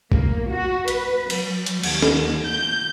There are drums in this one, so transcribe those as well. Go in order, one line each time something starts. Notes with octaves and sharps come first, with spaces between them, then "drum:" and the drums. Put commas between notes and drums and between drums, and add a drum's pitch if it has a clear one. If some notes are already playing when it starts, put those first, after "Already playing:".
A#3, drum: kick A#1
F#4
B4, drum: hi-hat
F#3, drum: cymbal
drum: hi-hat
D#2, drum: cymbal
drum: snare
G6